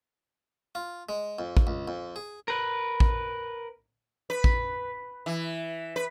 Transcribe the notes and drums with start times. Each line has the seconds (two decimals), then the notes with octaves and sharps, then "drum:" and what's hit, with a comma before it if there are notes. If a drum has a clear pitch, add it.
0.75 F4
1.09 G#3
1.39 F2
1.57 drum: kick A1
1.67 C#2
1.88 F2
2.16 G#4
2.48 A#4 B4
3.00 drum: kick A1
4.30 B4
4.44 drum: kick A1
5.26 E3
5.96 B4